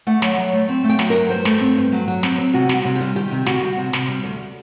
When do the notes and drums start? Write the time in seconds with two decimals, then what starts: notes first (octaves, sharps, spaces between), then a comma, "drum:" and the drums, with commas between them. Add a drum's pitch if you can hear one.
0.07 A3 F#5
0.22 F#3, drum: snare
0.38 F#3
0.53 A3
0.69 C4
0.84 A3
0.89 G5
0.99 F#3, drum: snare
1.10 G2 A#4
1.30 G2 C5
1.45 A3, drum: snare
1.61 C4
1.77 G2
1.92 F#3
2.08 F#3
2.23 C4, drum: snare
2.38 C4
2.54 C3 F#4
2.69 G3 F#4, drum: snare
2.85 C3
2.95 G4
3.01 G3
3.15 D#3 G4
3.31 C3
3.46 D2 F#4, drum: snare
3.62 G3
3.77 C3
3.93 C3, drum: snare
4.08 G3
4.24 D2